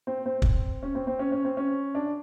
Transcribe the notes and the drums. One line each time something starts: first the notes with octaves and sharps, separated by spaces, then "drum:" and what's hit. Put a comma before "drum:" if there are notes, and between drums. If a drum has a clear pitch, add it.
C4
C4
drum: kick
C#4
C4
C4
C#4
C#4
C4
C#4
D4